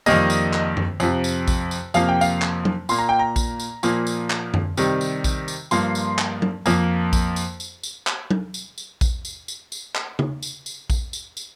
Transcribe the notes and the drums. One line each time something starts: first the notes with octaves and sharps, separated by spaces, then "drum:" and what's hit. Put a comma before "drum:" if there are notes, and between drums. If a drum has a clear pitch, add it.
F2 D#3 G3 A#3 D#5, drum: tambourine
drum: tambourine
drum: clap
drum: tom F#2
F2 C3 F3, drum: tambourine
drum: tambourine
drum: kick A#1, tambourine
drum: tambourine
F2 C3 F3 A#3 F5, drum: tambourine
G5
F5, drum: tambourine
drum: clap
drum: tom F#3
A#2 A#3 C6, drum: tambourine
A#5
G5
A#5
drum: kick A#1, tambourine
drum: tambourine
A#2 F3 A#3, drum: tambourine
drum: tambourine
drum: clap
drum: tom F#2
C3 D#3 G3, drum: tambourine
drum: tambourine
drum: kick A#1, tambourine
drum: tambourine
G2 F3 A#3 C6, drum: tambourine
drum: tambourine
drum: clap
drum: tom F#3
F2 F3 A#3, drum: tambourine
drum: kick A#1, tambourine
drum: tambourine
drum: tambourine
drum: tambourine
drum: clap
drum: tom F#3
drum: tambourine
drum: tambourine
drum: kick A#1, tambourine
drum: tambourine
drum: tambourine
drum: tambourine
drum: clap
drum: tom C#3
drum: tambourine
drum: tambourine
drum: kick A#1, tambourine
drum: tambourine
drum: tambourine